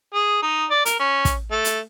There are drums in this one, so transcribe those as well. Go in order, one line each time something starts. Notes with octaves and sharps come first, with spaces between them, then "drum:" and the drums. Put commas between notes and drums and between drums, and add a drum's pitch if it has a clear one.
G#4
D#4
D5
A#4, drum: hi-hat
C#4
drum: kick, hi-hat
A3
drum: hi-hat